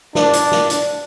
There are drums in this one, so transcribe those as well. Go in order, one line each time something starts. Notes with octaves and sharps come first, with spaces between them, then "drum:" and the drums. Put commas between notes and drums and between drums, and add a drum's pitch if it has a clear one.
D4, drum: snare
drum: hi-hat
drum: snare
drum: hi-hat